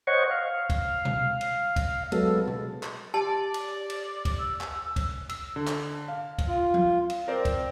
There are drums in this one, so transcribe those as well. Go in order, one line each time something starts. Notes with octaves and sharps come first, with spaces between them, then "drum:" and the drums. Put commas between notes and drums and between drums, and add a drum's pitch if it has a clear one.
C5 C#5 D#5 F#5 C#6
F5
drum: kick, cymbal
drum: tom B2
drum: cymbal
drum: kick, cymbal
F#3 G#3 B3 A4, drum: cymbal
drum: tom B2
drum: clap
G4 D5 A5
drum: cymbal
drum: cymbal
drum: kick, cymbal
E6
drum: clap
drum: kick, cymbal
E6, drum: cymbal
D3
drum: clap
F5
drum: kick, cymbal
F4
drum: tom F3
drum: cymbal
C4 A#4 C5 D5
drum: kick, cymbal